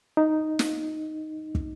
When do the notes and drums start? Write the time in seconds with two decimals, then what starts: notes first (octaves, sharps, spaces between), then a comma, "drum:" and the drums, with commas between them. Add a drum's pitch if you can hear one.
0.17 D#4
0.59 drum: snare
1.55 drum: kick